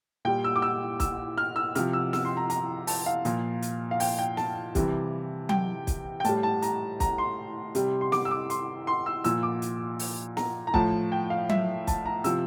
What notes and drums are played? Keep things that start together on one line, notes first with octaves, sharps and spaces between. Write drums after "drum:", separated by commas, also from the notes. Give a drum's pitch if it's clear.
A#2 G3 G5
E6
D6
E6
E6, drum: kick, hi-hat
F6
E6
C3 F3 F6, drum: hi-hat
E6
E6, drum: snare
C6
A#5
A#5, drum: hi-hat
A5, drum: open hi-hat
F5
A#2 F3, drum: hi-hat
drum: hi-hat
F5
G5, drum: open hi-hat
G5
A5, drum: snare
C3 E3 G3, drum: kick, hi-hat
G5, drum: tom F#3
drum: kick, hi-hat
G5
A2 G3 A5, drum: hi-hat
A5
A#5, drum: hi-hat
A#5, drum: kick, hi-hat
C6
C3 G3, drum: hi-hat
C6
D6, drum: snare
E6
D6
C6, drum: hi-hat
C6
E6
A#2 F3 E6, drum: hi-hat
D6
drum: hi-hat
drum: open hi-hat
A#5, drum: snare
A#5
A2 F3 A5, drum: kick
G5
F5
E5, drum: tom F#3
A5, drum: kick, hi-hat
A#5
C3 F3 E6, drum: hi-hat